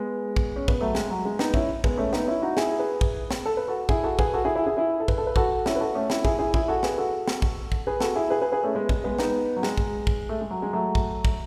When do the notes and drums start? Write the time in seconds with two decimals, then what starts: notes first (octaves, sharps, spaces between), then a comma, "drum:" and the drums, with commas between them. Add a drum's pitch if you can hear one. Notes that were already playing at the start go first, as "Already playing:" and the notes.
Already playing: G#3 B3
0.36 drum: kick
0.56 C#4
0.68 B3, drum: kick
0.81 F#3 A3
0.95 G#3, drum: snare
1.10 F#3
1.25 G#3
1.39 B3 D#4, drum: snare
1.54 C#4 E4, drum: kick
1.84 G#3 B3, drum: kick
1.98 A3 C#4
2.13 B3 D#4, drum: snare
2.27 C#4 E4
2.42 D#4 F#4
2.57 E4 G#4, drum: snare
2.80 G#4 B4
3.01 drum: kick
3.31 drum: snare
3.46 A4
3.57 B4
3.68 F#4 A4
3.89 E4 G#4, drum: kick
4.03 F#4 A4
4.19 G#4 B4, drum: kick
4.34 F#4 A4
4.45 E4 G#4
4.55 E4 G#4
4.67 E4 G#4
4.77 E4 G#4
5.00 A4
5.08 B4, drum: kick
5.18 A4
5.27 B4
5.36 F#4 A4, drum: kick
5.66 C#4 E4, drum: snare
5.76 B4
5.80 F#4 A4
5.95 A3 C#4
6.10 C#4 E4, drum: snare
6.25 E4 G#4, drum: kick
6.39 E4 G#4
6.54 E4 G#4, drum: kick
6.68 F#4 A4
6.83 G#4 B4, drum: snare
6.98 F#4 A4
7.28 drum: snare
7.42 drum: kick
7.72 drum: kick
7.87 G#4 B4
8.00 F#4 A4, drum: snare
8.16 E4 G#4
8.30 G#4 B4
8.41 G#4 B4
8.52 G#4 B4
8.63 A3 C#4
8.74 G#3 B3
8.89 G#3, drum: kick
9.04 G#3 B3
9.18 B3 D#4, drum: snare
9.56 F#3
9.63 G#3, drum: snare
9.77 drum: kick
10.07 drum: kick
10.29 A3
10.41 G#3
10.51 F#3
10.62 G#3
10.73 F#3 A3
10.95 drum: kick
11.25 drum: kick